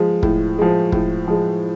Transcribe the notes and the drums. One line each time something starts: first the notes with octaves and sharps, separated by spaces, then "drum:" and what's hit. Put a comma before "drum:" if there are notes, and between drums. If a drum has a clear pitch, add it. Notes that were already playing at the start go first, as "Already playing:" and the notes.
Already playing: F3 G#3
A2, drum: kick
F3 G#3
A2, drum: kick
F3 G#3